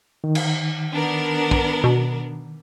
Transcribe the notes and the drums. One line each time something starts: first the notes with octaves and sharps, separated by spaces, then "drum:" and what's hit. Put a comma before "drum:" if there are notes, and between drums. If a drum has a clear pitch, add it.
D#3
drum: cymbal
B3 D4 A#4
drum: kick
B2